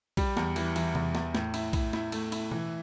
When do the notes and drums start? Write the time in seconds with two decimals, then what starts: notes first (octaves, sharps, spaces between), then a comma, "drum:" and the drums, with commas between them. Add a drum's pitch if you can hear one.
0.17 G3, drum: kick A#1, cymbal
0.37 E2, drum: snare
0.56 E3, drum: cymbal
0.76 E3, drum: cymbal
0.95 E2, drum: tom C3
1.15 E2, drum: snare
1.35 A2, drum: snare
1.54 E4, drum: cymbal
1.73 E4, drum: kick A#1, cymbal
1.93 E4, drum: snare
2.12 A3, drum: cymbal
2.32 E4, drum: cymbal
2.51 E3, drum: tom B2